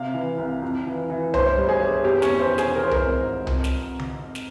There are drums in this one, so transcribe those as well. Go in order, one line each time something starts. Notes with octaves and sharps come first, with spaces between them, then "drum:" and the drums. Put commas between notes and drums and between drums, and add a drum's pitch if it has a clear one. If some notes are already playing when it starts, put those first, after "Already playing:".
Already playing: C3 F5
E3
C2
F2
E3
E3
G1 C5, drum: tom C2
G3
G#4
G1
E2 G4
C#4, drum: snare
E2
C5
E1
G#4, drum: snare
E3 A#4
C5
A#4, drum: tom C2
G#1
G#2
F2, drum: tom C2
drum: snare
drum: tom D3
drum: snare